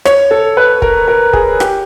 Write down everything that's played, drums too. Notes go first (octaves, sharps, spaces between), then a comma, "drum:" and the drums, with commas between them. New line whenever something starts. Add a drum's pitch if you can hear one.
C#5, drum: rim click
A4
B4
A#4, drum: kick
A#4
G#4, drum: kick
G4, drum: rim click